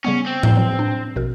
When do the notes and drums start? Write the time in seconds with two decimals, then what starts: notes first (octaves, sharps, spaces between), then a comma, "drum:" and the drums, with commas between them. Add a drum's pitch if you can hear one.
0.04 C#3 G3 B3 C#4
0.26 C4
0.43 drum: tom A2
0.57 F#3
0.79 D4
1.16 A#1 B2 A#4